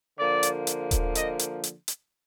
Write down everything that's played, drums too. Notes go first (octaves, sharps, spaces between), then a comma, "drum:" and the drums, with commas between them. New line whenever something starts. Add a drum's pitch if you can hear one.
D3 F3 A#3 D5
drum: hi-hat
drum: hi-hat
drum: kick D#1, hi-hat
D#5, drum: hi-hat
drum: hi-hat
drum: hi-hat
drum: hi-hat